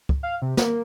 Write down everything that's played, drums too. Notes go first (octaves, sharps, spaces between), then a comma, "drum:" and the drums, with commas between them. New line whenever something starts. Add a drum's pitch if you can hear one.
drum: kick
F5
C3
A#3, drum: snare